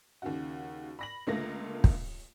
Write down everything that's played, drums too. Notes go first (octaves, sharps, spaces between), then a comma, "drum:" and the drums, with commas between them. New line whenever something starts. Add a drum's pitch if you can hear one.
D#2 C#3 F#4
B5 A#6 F#7
C#2 D3 A3 A#3 F4 A#6
drum: kick